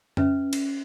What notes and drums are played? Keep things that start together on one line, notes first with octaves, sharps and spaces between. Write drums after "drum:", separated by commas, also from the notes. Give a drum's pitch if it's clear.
C#4 B4 E5, drum: tom F2
drum: cymbal